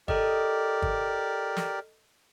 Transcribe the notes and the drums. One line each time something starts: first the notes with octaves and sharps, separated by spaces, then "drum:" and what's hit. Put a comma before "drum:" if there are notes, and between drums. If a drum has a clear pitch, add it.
G4 A4 A#4 D5 D#5, drum: kick
drum: kick
drum: snare